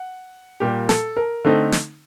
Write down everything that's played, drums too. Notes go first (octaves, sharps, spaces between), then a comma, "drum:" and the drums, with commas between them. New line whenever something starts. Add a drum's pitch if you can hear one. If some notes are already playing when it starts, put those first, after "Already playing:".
Already playing: F#5
A#2 G3 A#3 G4
A4, drum: snare
A#4
D3 A3 C4 D#4
drum: snare